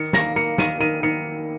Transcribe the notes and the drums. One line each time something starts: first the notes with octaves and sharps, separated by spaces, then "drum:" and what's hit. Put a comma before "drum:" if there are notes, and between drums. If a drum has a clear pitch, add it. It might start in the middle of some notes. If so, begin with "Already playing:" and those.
Already playing: D#3 C#7
A#3 A#6, drum: snare
A#3 C#7
D#3 D#7, drum: snare
D#3 D#7
D#3 C#7